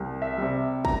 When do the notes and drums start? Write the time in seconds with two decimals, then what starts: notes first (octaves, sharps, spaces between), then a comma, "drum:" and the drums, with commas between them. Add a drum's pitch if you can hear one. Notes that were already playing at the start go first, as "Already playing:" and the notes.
Already playing: C2
0.22 E5
0.38 C3 G3
0.85 A#5, drum: kick